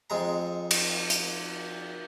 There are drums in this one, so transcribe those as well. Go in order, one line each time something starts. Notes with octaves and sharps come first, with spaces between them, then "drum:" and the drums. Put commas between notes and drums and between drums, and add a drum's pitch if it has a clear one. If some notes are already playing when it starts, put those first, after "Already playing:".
F2 G#3 A#5
drum: cymbal
drum: hi-hat